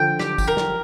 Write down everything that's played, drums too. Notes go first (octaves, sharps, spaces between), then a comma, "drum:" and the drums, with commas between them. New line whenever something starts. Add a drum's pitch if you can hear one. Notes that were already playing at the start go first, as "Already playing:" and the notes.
Already playing: D3 F3 G5
G4, drum: snare
drum: kick G1, tambourine
A#4
drum: snare